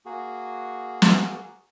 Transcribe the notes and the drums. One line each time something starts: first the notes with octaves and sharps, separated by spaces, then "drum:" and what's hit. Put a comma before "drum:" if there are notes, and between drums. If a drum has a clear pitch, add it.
A#3 F#4 G#4
drum: snare